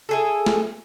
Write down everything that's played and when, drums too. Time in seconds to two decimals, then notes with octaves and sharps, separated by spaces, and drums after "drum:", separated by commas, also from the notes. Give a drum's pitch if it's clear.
0.09 E4 G#4 A4
0.46 drum: snare